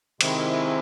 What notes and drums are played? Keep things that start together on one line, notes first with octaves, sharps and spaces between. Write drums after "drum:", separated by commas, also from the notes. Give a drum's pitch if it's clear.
C3 D#3 G#3 C4 E4, drum: cymbal